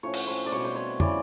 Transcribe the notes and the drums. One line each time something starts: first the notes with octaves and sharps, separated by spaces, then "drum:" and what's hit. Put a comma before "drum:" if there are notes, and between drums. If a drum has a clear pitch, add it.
A2 F3 A3 C#4 C#5
drum: cymbal
C5
D5
B2 G3 C4 C#5
C5
C#5
C#3 E3 G3 D5, drum: tom